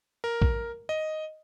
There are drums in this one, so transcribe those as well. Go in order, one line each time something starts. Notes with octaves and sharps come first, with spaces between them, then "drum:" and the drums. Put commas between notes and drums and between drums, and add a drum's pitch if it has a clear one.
A#4
drum: kick A#1
D#5